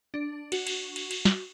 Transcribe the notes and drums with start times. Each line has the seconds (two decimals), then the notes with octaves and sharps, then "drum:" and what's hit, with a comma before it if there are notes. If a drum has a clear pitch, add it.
0.14 D4
0.52 F#4, drum: cymbal
0.67 drum: cymbal
0.96 drum: cymbal
1.11 drum: cymbal
1.25 drum: snare